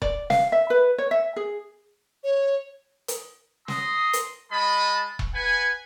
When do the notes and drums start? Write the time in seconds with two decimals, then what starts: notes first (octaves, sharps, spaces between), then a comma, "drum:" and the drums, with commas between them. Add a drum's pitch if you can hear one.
0.02 D5, drum: kick E1
0.30 F5, drum: snare
0.52 E5
0.70 B4
0.98 C#5
1.11 E5
1.36 G#4
2.24 C#5
3.08 drum: hi-hat
3.68 A#5 C6 D#6, drum: snare
4.13 drum: hi-hat
4.52 G#3 D#5 A5 B5
5.19 drum: kick E1
5.35 B4 F#5 G#5